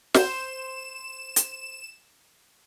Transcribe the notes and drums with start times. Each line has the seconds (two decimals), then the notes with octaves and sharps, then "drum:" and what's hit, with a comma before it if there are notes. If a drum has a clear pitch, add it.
0.14 C5 E7, drum: snare
1.36 drum: hi-hat